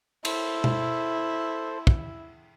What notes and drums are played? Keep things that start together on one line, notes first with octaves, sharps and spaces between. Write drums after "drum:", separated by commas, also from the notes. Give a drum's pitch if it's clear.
E4 A4 C5, drum: cymbal
drum: tom B2
drum: kick